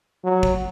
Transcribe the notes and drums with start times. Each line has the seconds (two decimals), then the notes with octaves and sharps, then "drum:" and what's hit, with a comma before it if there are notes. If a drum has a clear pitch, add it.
0.24 F#3
0.43 drum: kick